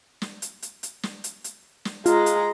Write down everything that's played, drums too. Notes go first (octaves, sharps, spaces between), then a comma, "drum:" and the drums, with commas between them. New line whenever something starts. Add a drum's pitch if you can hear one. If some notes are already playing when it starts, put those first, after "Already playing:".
drum: snare
drum: hi-hat
drum: hi-hat
drum: hi-hat
drum: snare
drum: hi-hat
drum: hi-hat
drum: snare
G#3 F4 A#5, drum: hi-hat
drum: hi-hat